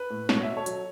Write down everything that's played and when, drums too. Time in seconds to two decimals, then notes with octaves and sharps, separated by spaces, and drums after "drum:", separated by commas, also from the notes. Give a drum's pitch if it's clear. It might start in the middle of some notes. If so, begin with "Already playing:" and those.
Already playing: B4
0.10 A2
0.29 B2 C#5, drum: snare
0.43 B2 E5
0.57 A4 C#5
0.66 F#3, drum: hi-hat